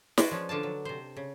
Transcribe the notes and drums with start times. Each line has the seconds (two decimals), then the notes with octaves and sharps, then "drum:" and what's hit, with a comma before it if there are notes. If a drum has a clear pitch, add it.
0.18 G#3 F4 F#4 B4 D5 G5, drum: snare
0.31 F3 C#4
0.49 D3 D4 F4 A5
0.63 F#3
0.85 C3 C5
1.17 C#3